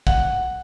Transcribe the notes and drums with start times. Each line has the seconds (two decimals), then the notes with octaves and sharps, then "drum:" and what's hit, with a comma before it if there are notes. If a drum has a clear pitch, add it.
0.07 F#5, drum: kick